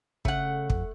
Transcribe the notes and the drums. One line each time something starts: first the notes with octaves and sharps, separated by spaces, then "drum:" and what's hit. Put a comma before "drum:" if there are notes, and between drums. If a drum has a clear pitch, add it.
C#3 A3 F#5, drum: kick
F2, drum: kick